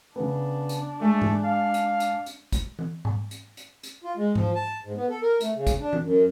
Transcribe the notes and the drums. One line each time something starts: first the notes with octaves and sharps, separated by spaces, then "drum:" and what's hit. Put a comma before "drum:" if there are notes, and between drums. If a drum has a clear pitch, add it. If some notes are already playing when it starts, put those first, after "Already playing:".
C#3 B3 D4
drum: hi-hat
G#3 A3
drum: tom G#2
F5
drum: hi-hat
drum: hi-hat
drum: hi-hat
drum: kick, hi-hat
drum: tom E3
drum: tom G#2
drum: hi-hat
drum: hi-hat
drum: hi-hat
F4
G#3
F3, drum: tom G#2
A5
G#2
B3
A4
A#4
A3, drum: hi-hat
C#3
drum: kick, hi-hat
D4
drum: tom E3
F#2